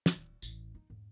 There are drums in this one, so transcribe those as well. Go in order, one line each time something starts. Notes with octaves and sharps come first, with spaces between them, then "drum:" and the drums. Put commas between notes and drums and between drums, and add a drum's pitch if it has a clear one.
drum: snare
D1
A1 E2, drum: tambourine
D#4
E2 G#2